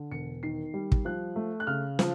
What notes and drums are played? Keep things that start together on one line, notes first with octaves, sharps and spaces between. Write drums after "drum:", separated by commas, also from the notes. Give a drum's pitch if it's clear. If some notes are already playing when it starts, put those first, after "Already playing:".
Already playing: D3
E1 C#7
D#3 C7
G3
drum: kick
F3 F#6
A3
F#6
C#3 F6
F3, drum: snare